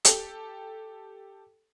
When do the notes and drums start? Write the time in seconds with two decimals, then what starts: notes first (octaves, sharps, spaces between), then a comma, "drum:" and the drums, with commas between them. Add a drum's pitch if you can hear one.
0.05 G4 A4, drum: hi-hat